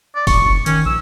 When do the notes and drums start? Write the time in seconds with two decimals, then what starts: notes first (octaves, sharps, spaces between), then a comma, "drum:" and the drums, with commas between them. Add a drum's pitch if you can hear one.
0.15 D5
0.27 D#1 C#6, drum: kick, open hi-hat
0.41 F#1
0.66 D#3 C#4, drum: hi-hat
0.86 A#1 E6